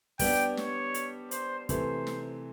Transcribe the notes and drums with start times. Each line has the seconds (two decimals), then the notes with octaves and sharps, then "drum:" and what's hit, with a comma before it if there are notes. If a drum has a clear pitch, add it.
0.19 G3 B3 D4 G4 G5, drum: kick, open hi-hat
0.57 C#5, drum: snare
0.94 drum: hi-hat
1.31 C5, drum: hi-hat
1.69 C3 E3 A3 C4 C5, drum: kick, hi-hat
2.07 drum: snare